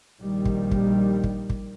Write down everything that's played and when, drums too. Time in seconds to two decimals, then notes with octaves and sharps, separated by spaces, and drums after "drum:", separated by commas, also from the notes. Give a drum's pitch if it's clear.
0.19 A#1 D#3 G3
0.45 drum: kick
0.71 drum: kick
1.24 drum: kick
1.50 drum: kick